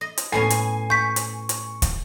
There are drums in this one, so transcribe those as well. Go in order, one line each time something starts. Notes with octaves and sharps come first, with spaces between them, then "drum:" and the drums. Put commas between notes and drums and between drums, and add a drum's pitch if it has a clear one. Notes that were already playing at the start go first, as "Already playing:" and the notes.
D#5
drum: hi-hat
A2 B3 C#4 G#5 C7
drum: hi-hat
C#6 G6 B6
drum: hi-hat
drum: hi-hat
drum: kick, hi-hat